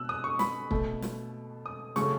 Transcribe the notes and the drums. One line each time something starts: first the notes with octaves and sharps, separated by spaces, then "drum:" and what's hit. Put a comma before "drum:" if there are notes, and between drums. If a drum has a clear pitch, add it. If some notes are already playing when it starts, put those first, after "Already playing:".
Already playing: B2 E6 F#6
D#6
C#6
B5, drum: snare
B2 A3, drum: kick
drum: snare
D#6
C#3 F#3 A3 C#6, drum: snare